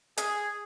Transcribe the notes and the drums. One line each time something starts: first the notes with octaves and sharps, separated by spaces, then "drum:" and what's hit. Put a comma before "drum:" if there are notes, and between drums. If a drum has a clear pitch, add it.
G#4, drum: hi-hat